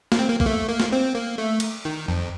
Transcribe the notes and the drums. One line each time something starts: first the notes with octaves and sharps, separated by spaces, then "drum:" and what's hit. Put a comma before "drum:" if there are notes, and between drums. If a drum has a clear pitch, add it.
A#3, drum: snare
C4
A#3
A#3, drum: kick
A3
A#3
drum: snare
C4
A#3
A3
drum: cymbal
D#3
F2